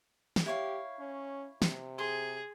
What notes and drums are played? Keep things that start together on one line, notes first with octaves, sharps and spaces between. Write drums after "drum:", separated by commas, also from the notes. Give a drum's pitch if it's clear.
drum: snare
E4 G4 C#5 F5
C#4
C3, drum: snare
G#4 C6